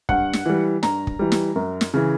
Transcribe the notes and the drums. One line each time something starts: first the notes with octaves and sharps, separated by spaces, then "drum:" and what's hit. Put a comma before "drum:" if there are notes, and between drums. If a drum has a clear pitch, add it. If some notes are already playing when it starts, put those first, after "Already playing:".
G2 F#5, drum: kick
drum: snare
E3 G3
G2 A#5, drum: snare
drum: kick
E3 G3
drum: snare
F#2
drum: snare
C#3 E3